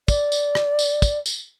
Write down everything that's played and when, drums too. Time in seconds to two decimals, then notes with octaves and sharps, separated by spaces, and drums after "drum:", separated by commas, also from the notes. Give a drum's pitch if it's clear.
0.08 D5, drum: kick, tambourine
0.32 drum: tambourine
0.55 drum: rim click
0.79 drum: tambourine
1.02 drum: kick, tambourine
1.26 drum: tambourine